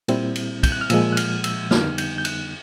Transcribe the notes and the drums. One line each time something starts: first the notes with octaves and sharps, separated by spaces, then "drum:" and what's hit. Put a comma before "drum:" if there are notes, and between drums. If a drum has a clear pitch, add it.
A#2 G3 C4 E4, drum: cymbal
drum: cymbal
G6, drum: kick, cymbal
F#6
F6
A#2 F3 G#3 E6, drum: cymbal
F#6
F6, drum: cymbal
E6, drum: cymbal
F2 D3 G3 B3 D#4 F6, drum: snare
G6, drum: cymbal
G6
F#6, drum: cymbal